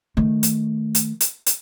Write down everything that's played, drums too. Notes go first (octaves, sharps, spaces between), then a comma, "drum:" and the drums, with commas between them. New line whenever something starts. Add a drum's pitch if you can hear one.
D#3 A3
drum: hi-hat
drum: hi-hat
drum: hi-hat
drum: hi-hat